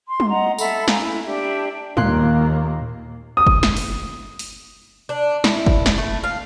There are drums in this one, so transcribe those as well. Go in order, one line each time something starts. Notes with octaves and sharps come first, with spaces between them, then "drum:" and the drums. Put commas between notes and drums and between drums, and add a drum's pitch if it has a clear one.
C6
drum: tom G3
D#5 F#5 A#5
A4 E5 F#5 B5, drum: tambourine
F5 G#5 A#5, drum: snare
C#4 E4
D4 G4 E5
D#2 A#2 A#3 C6 F#6, drum: tom G3
D#6
drum: kick
drum: snare
drum: open hi-hat
drum: open hi-hat
D4
E4, drum: snare
drum: kick
drum: snare
A3
F5